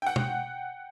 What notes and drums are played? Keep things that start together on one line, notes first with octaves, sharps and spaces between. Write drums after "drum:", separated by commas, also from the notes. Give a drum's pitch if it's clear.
F#5 G5
drum: tom